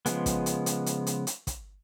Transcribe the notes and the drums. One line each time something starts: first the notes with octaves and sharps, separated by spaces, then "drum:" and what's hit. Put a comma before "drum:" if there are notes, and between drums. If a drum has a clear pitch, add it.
C#3 F3 G#3 B3, drum: hi-hat
drum: kick, hi-hat
drum: hi-hat
drum: hi-hat
drum: hi-hat
drum: hi-hat
drum: hi-hat
drum: kick, hi-hat